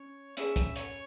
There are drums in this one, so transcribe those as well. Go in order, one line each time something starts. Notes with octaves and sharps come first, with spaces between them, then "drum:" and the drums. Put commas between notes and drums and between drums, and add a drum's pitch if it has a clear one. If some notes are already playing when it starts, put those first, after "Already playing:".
Already playing: C#4 C#5
C#4 G#4 B4 E5, drum: hi-hat
drum: kick, hi-hat
C#5, drum: hi-hat